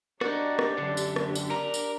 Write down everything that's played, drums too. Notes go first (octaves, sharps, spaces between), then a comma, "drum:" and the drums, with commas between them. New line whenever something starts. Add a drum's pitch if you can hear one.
D4 D#4 F#4 G4 D5, drum: rim click
drum: rim click
F#2 D3
drum: tambourine
drum: rim click
drum: tambourine
A#4 D5 A#5
drum: tambourine